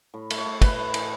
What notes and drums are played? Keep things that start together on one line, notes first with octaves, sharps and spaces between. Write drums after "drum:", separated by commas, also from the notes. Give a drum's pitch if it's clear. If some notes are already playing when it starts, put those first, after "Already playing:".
A2
A3, drum: cymbal
C#5
A2
A2 B4, drum: kick, cymbal
A2
E3, drum: cymbal